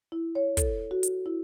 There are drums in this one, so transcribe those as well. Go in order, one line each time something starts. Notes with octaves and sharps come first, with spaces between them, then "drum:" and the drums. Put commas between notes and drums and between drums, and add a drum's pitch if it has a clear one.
E4
C#5
A4, drum: kick, hi-hat
F#4
drum: hi-hat
E4